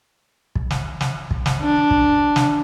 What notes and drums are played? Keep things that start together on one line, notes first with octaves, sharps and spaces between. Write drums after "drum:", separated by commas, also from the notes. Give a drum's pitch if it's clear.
drum: kick
drum: snare
drum: snare
drum: kick
drum: snare
D4
drum: kick
drum: snare